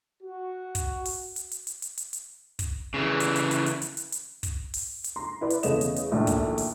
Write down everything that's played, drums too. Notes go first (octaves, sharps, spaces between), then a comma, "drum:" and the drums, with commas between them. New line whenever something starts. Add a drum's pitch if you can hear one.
F#4
drum: kick, hi-hat
drum: open hi-hat
drum: hi-hat
drum: hi-hat
drum: hi-hat
drum: hi-hat
drum: hi-hat
drum: hi-hat
drum: kick, hi-hat
C#3 E3
drum: hi-hat
drum: hi-hat
drum: hi-hat
drum: hi-hat
drum: hi-hat
drum: hi-hat
drum: hi-hat
drum: kick, hi-hat
drum: open hi-hat
drum: hi-hat
A#5 C6
E4 B4 D5
drum: hi-hat
E2 C#3 A3 C#5 D#5 E7, drum: hi-hat
drum: hi-hat
drum: hi-hat
A#1 D#2 A2 D3 D4
drum: kick, hi-hat
drum: open hi-hat